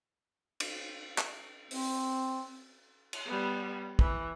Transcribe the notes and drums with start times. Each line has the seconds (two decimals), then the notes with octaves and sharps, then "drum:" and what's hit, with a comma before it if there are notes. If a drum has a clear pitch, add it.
0.60 drum: cymbal
1.18 drum: clap
1.71 C4, drum: open hi-hat
3.13 drum: cymbal
3.26 G3 B3
3.99 E3, drum: kick